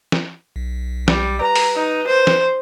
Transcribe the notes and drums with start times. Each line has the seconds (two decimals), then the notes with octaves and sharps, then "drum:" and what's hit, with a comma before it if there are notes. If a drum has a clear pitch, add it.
0.12 drum: snare
0.56 B1
1.08 G3, drum: snare
1.41 B4 A#5
1.55 drum: open hi-hat
1.76 D#4
2.07 C5
2.27 drum: snare